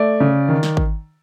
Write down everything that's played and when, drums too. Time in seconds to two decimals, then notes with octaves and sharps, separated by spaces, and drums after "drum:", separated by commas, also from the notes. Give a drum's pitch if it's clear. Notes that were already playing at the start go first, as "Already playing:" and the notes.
Already playing: A3 D5
0.20 C#3
0.49 D#3
0.63 drum: snare
0.77 drum: kick G#1